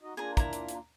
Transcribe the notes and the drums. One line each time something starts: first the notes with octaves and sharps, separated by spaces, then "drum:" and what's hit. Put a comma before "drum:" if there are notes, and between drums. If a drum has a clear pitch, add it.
D#4 F#4 D#5
A#3 D4 F4 G#4 G#5 A#5
E4 A#5, drum: kick, hi-hat
drum: hi-hat
drum: hi-hat